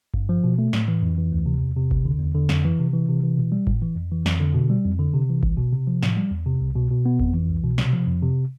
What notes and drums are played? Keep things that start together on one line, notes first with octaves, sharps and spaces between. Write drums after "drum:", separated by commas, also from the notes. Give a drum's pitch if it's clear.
G2, drum: kick G1
F3
B2
A3
A2, drum: snare
E3
F2
E3
D2
C3
E2
C3
D2, drum: kick G1
D3
E2
D3
F2, drum: snare
E3
C3
E3
C3
E3
B2
G3
A2, drum: kick G1
E3
F2
E3
F2, drum: snare
D3
B2
G3
F2
D3
C3
E3
C2, drum: kick G1
B2
C3
F3
A2, drum: snare
G3
E2
C3
C2
B2
B2
B3
F2, drum: kick G1
E3
C2
B2
C3, drum: snare
F3
F2
C3